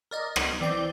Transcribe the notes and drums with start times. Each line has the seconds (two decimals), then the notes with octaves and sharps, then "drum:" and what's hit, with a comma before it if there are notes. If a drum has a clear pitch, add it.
0.11 A#4 D5 D#5
0.36 drum: rim click
0.61 E3 C4 D5 G6